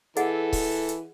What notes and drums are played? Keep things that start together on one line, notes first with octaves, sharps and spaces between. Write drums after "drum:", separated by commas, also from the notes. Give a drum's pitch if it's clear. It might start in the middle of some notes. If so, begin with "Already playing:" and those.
E3 G#4 A4 D#5 F#5, drum: hi-hat
drum: kick C#1, open hi-hat
drum: hi-hat